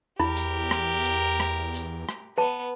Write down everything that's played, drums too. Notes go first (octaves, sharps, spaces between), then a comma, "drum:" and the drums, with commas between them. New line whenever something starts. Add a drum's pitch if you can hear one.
E2 E4 G4 A#4 B5
drum: hi-hat
drum: rim click
drum: hi-hat
drum: rim click
drum: hi-hat
drum: rim click
B3 B4 A5